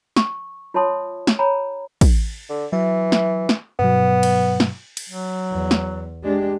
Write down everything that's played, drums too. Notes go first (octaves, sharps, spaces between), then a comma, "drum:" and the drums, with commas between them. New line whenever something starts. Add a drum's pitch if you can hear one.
C#6, drum: snare
F4 C#5 E5 A5 C6 D#6
drum: snare
C#5 G#5 A#5 B5
drum: kick, cymbal
D3
E3 F#3 E5
drum: snare
drum: snare
G2 B2 F#3 B3
drum: cymbal
drum: snare
drum: cymbal
F#3
E2
drum: snare
G#3 D4 G4